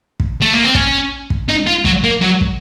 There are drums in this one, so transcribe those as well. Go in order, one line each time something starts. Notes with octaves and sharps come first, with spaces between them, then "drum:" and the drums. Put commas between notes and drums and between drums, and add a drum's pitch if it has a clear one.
drum: kick
A3
A#3
C4
C#4, drum: kick
drum: kick
D#4
F4
F#3, drum: kick
A#3
F#3
drum: kick